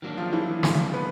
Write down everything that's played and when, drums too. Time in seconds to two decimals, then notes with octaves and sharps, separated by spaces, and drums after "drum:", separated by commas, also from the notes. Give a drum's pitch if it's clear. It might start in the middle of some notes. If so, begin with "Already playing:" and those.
0.02 D#3 F#3 A#3 D4
0.17 F3 F4
0.32 E3 E4
0.63 F3 F4, drum: snare
0.94 B3 B4